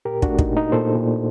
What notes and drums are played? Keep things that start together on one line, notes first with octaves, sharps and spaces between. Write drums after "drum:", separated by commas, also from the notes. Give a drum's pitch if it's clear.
A#2 G4 A#4
D4 F#4, drum: kick
A3
D#4, drum: kick
A#2
D#4
A#2 A4 C5
A#2